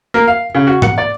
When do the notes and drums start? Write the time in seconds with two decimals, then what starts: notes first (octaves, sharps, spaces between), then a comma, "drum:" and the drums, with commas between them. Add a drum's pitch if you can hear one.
0.14 A#3
0.28 F5
0.55 C#3
0.67 F#4
0.82 F#5, drum: tom G#2
0.98 D5